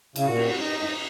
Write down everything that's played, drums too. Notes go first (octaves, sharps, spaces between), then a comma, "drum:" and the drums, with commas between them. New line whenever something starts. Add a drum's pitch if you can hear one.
C#3, drum: cymbal
A#2 F#4
drum: cymbal
D#4